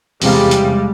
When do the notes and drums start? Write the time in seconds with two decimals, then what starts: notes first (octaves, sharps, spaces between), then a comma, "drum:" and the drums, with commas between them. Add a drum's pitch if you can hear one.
0.22 E2 C3 G3 G#3 F5, drum: open hi-hat
0.51 drum: hi-hat